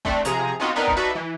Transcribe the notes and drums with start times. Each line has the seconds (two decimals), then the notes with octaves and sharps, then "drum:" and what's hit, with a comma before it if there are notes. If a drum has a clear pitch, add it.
0.05 A3 C4 D4, drum: kick
0.25 C3 F3 G#4 A#5, drum: hi-hat
0.60 B3 C4 D#4 F4 F#4
0.76 B3 C4 D4 D#4 A#4 B4
0.87 drum: kick
0.97 D#4 F#4 A4 B4 D5 E5
1.15 E3